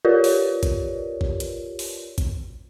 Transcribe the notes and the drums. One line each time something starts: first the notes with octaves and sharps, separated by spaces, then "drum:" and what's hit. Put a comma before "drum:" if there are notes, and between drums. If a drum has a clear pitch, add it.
F4 G4 A#4 B4 C#5 D5
drum: open hi-hat
drum: kick A1, hi-hat
drum: kick A1
drum: hi-hat
drum: open hi-hat
drum: kick A1, hi-hat